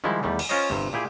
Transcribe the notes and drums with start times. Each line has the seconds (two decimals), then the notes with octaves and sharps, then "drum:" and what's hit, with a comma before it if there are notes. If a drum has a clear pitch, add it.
0.04 D#3 F3 G3 G#3 E4
0.23 E2 D#3 G3 A3
0.39 drum: cymbal
0.49 C#4 F4 A#4 C5 C#5 D#5
0.70 G1 G2 C3
0.93 A#2 E4 G4 G#4